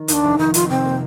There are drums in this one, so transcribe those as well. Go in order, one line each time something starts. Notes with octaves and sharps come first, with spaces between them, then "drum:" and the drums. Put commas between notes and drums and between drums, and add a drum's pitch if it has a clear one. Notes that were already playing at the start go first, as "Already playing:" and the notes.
Already playing: D#3
D#2 D4 D#4, drum: hi-hat
F1
D#3 D#4
F2 F4, drum: hi-hat
C3 C4
A#3